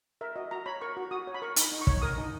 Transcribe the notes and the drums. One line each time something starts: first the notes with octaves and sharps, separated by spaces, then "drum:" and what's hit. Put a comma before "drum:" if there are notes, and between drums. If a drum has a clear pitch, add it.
A#4 E5
F#4 D#5
F#4 A#5
C#5 B5
A#4 C#6
F#4
F#4 D#6
C#5
B5
A#4 C#6
D#4, drum: hi-hat
B5
D#4
C#6
C#5, drum: kick
A#4 D#6
D#4